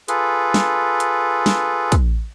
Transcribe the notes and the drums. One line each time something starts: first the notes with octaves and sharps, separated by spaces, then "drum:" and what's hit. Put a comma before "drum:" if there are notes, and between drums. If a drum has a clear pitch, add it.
F4 G#4 A4 B4, drum: hi-hat
drum: snare
drum: hi-hat
drum: snare
drum: kick, hi-hat